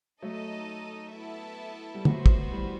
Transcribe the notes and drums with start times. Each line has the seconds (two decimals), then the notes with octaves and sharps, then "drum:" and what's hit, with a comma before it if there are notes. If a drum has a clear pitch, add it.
0.22 F#3 A3 D#4 A4 D#5
1.14 B3 E4 A4 E5 A5
1.95 G3
2.05 F#3 A3 B3 F#4 C5, drum: tom
2.26 drum: kick
2.52 E3 G3